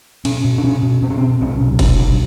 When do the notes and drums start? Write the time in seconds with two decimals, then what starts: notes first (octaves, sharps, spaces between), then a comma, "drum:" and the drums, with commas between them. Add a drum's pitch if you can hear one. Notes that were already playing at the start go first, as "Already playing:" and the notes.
0.25 B2 C#4, drum: cymbal
0.45 B2
0.58 D4
0.64 B2 C#4
0.83 B2
1.02 B2 C4
1.10 C#4
1.18 C4
1.22 B2
1.41 C2 C#4
1.60 B2
1.79 B2 D4, drum: kick, cymbal
1.99 C2 D4